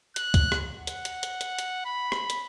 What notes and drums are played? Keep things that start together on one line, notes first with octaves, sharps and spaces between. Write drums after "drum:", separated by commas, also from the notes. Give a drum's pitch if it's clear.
F#6, drum: hi-hat
drum: kick C#2, hi-hat
drum: rim click
F#5
drum: hi-hat
drum: hi-hat
drum: hi-hat
drum: hi-hat
drum: hi-hat
B5
drum: rim click
drum: hi-hat